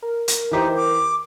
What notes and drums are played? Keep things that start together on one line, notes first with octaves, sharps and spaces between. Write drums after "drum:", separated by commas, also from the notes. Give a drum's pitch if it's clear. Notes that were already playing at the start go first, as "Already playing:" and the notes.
A#4
drum: hi-hat
E3 D#4 G4 C5
D6